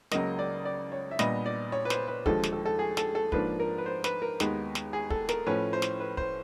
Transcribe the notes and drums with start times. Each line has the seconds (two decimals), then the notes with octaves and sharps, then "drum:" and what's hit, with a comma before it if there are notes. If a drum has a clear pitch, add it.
0.11 C#2 C#3 F#3 A#3 D#5, drum: snare
0.39 D5
0.65 D5
0.92 C#5
1.11 E5
1.19 A#2 G3 B3 D4 D#5, drum: snare
1.46 D5
1.72 C#5
1.85 B4
1.90 C5, drum: snare
2.08 B4
2.26 D#2 D3 F3 G#3 A4, drum: kick
2.44 drum: snare
2.53 A4
2.66 A4
2.79 G#4
2.97 A4, drum: snare
3.15 A4
3.32 G#2 F3 A#3 D4 B4, drum: kick
3.60 A#4
3.78 B4
3.86 C5
4.04 B4, drum: snare
4.22 A#4
4.40 D#2 D#3 G#3 B3, drum: snare
4.75 drum: snare
4.93 G#4
5.10 A4, drum: kick
5.29 A#4, drum: snare
5.47 A2 F3 A3 C#4 B4
5.73 C5
5.82 drum: snare
6.00 B4
6.17 C5, drum: kick